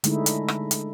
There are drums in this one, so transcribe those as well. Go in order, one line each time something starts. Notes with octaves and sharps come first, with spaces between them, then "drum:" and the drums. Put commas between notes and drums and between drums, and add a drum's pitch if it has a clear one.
D3 G#3 A3 D#4 E4, drum: hi-hat
drum: hi-hat
drum: rim click
drum: hi-hat